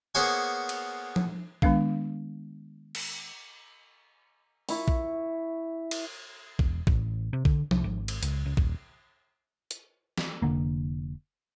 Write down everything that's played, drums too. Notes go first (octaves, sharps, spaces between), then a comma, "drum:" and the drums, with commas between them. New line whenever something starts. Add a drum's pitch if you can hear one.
A#3 B3 G#4 C5 C#5 G#5
drum: cymbal
drum: tom F3
D#3 G#3 B3 D4 F5, drum: kick A#1
drum: cymbal
E4 C#6, drum: open hi-hat
drum: kick A#1
drum: cymbal
E1, drum: kick A#1
A1, drum: kick A#1
C3
D3, drum: kick A#1
C2, drum: tom F3
G#1
drum: cymbal
C#2, drum: hi-hat
C#2
D#1, drum: kick A#1
drum: hi-hat
drum: snare
F1 E2 D3 A#3